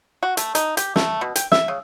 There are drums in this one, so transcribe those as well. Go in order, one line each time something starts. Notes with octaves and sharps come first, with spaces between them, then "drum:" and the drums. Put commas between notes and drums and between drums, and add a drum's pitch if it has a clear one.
F#4
A3, drum: hi-hat
D#4, drum: hi-hat
G4, drum: hi-hat
A3, drum: snare
B2
G5, drum: hi-hat
E5, drum: snare
C#3